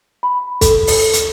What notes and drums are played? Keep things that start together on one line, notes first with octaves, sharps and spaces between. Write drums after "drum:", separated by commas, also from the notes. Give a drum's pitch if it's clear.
B5
A4, drum: kick, hi-hat
drum: open hi-hat
drum: hi-hat